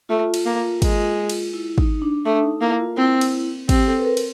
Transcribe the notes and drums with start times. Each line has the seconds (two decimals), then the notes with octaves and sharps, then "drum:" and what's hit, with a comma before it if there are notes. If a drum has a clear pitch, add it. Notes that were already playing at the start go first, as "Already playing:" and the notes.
0.09 A3 F4
0.34 drum: cymbal
0.46 A#3
0.82 G#3, drum: kick, cymbal
1.30 drum: cymbal
1.53 E4
1.78 D#4, drum: kick
2.02 D4
2.25 A3 D4
2.43 D#4
2.61 A#3 E4
2.80 F4
2.97 C4 E4
3.21 E4, drum: cymbal
3.69 C4 G4, drum: kick, cymbal
3.88 A4
3.99 B4
4.05 A#4
4.17 drum: cymbal